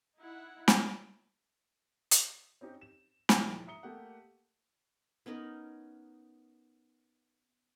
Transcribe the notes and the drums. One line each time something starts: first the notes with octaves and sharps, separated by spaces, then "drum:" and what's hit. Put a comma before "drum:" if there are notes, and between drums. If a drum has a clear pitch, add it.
D#4 E4 F#5
drum: snare
drum: hi-hat
C4 C#4 D#4 G4
E7
A#1 D#2 A#2 E3 F3 G#3, drum: snare
E5 A#5 D#6 C#7 G7
A3 A#3 G4 F#5
B3 C#4 D#4 A#4